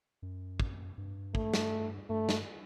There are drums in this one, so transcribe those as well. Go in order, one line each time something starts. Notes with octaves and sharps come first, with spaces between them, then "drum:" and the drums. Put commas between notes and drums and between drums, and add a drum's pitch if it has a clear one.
F#2
drum: kick
G2
A3, drum: kick
drum: snare
G2 A3
drum: snare